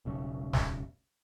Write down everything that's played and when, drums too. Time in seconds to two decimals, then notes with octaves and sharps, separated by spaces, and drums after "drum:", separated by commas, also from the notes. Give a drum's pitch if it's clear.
0.05 E1 B1 C#3 A3
0.53 drum: snare